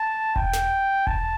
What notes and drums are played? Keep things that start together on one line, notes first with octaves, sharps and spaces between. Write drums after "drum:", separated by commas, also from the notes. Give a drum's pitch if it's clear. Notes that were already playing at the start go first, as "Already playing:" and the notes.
Already playing: A5
G5, drum: kick E1
drum: snare
A5, drum: kick E1